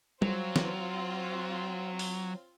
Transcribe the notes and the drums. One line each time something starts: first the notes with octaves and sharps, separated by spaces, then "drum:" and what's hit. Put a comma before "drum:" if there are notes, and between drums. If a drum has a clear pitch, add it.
F#3 C4 F4, drum: tom
drum: snare
drum: open hi-hat